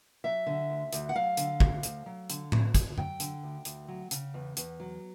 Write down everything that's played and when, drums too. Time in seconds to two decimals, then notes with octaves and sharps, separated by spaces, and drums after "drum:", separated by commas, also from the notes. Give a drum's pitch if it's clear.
0.24 F#3 E5
0.46 D3
0.70 D2
0.93 D2, drum: hi-hat
1.09 F#5
1.15 F#3 F5
1.37 D3, drum: hi-hat
1.60 D2, drum: kick
1.83 D2, drum: hi-hat
2.06 F#3
2.30 D3, drum: hi-hat
2.52 D2, drum: tom A2
2.75 D2, drum: kick, hi-hat
2.98 F#3 G5, drum: tom F#2
3.20 D3, drum: hi-hat
3.43 D2
3.65 D2, drum: hi-hat
3.88 F#3
4.11 C#3, drum: hi-hat
4.34 E2
4.57 E2, drum: hi-hat
4.80 F#3